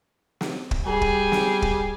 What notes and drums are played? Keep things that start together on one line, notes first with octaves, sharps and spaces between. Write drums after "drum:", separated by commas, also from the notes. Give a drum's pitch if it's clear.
drum: snare
drum: kick
G3 G#4
drum: kick
drum: snare
drum: kick